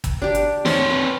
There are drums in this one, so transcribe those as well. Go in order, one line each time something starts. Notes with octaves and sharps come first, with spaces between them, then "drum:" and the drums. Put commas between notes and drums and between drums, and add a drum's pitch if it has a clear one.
drum: kick, hi-hat
D4 G4
drum: hi-hat
C4 C5 C#5 A5 C6, drum: snare
B4